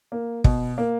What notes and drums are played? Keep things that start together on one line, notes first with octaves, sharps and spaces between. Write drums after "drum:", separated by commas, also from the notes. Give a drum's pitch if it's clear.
A#3
B2, drum: kick
A#3